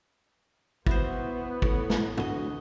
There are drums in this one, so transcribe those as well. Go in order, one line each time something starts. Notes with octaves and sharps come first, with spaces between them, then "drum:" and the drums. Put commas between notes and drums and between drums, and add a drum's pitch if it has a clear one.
B3 E4 F#4 C5, drum: kick
A2 C#5, drum: kick
drum: snare
D2 F#4 D#5, drum: tom G2